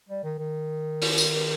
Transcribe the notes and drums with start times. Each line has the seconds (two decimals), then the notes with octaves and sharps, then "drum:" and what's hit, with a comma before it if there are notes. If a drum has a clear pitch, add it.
0.09 G3
0.23 D#3
0.38 D#3
1.02 drum: open hi-hat
1.18 drum: tambourine